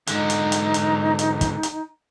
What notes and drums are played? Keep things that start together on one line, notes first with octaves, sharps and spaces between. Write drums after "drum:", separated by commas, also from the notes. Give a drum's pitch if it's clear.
G#2 D3 D#4, drum: hi-hat
drum: hi-hat
drum: hi-hat
drum: hi-hat
drum: hi-hat
drum: kick, hi-hat
drum: hi-hat